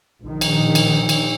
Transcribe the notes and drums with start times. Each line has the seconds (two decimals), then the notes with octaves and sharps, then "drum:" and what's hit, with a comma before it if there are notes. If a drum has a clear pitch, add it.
0.24 A#1 D#3
0.41 drum: cymbal
0.75 drum: cymbal
1.09 drum: cymbal